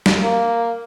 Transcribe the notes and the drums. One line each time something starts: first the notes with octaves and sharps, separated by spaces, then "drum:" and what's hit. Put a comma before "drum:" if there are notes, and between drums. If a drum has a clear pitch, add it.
drum: snare
A#3